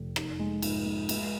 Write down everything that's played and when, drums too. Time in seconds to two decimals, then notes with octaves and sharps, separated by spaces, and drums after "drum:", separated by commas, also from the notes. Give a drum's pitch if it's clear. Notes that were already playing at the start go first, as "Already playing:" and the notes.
Already playing: F1
0.16 D#4, drum: rim click
0.39 G#3
0.62 G#2, drum: cymbal
0.86 G#2
1.09 G#3, drum: cymbal